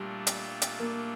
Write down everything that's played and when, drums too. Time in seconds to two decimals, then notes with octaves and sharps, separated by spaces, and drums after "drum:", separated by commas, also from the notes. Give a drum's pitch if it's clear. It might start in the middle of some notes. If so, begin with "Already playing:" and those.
Already playing: A#2 G3 A3 D4 F4
0.27 drum: hi-hat
0.62 drum: hi-hat
0.80 A#3